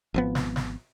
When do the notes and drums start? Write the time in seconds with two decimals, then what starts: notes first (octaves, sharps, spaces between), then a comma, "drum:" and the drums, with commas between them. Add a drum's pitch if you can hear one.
0.14 G#1 F3 B3
0.35 drum: snare
0.56 drum: snare